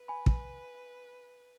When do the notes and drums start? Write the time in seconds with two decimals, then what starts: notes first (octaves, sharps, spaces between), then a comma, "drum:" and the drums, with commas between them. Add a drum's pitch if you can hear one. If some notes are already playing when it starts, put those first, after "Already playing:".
Already playing: B4
0.08 G#5 B5
0.26 drum: kick